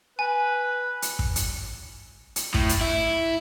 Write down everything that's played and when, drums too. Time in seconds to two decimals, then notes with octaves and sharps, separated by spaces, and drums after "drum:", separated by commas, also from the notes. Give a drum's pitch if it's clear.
0.19 B4 G#5
1.02 drum: hi-hat
1.19 drum: kick
1.36 drum: hi-hat
2.36 drum: hi-hat
2.54 A2, drum: kick
2.69 drum: hi-hat
2.81 E4